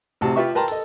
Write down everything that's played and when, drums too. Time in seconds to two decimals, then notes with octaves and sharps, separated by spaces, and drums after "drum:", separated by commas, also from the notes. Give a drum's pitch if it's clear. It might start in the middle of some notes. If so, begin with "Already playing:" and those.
0.21 A1 C3 F#4 A5
0.36 F4 G4 B4 E5 C#6
0.55 A#4 B4 G5 A5 A#5 C6
0.68 A4 D#5, drum: open hi-hat